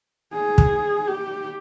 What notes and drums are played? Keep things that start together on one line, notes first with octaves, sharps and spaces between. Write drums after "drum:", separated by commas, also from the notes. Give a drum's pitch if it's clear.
G#4
drum: kick
G4